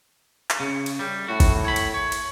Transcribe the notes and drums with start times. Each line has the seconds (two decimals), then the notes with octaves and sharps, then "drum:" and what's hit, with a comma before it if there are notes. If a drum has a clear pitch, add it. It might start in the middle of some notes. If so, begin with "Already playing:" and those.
0.50 drum: clap
0.60 C#3
0.86 drum: cymbal
0.99 G3
1.28 A2 F#4
1.40 drum: kick, cymbal
1.65 C#5 B5
1.76 drum: cymbal
1.94 C#5
2.12 drum: cymbal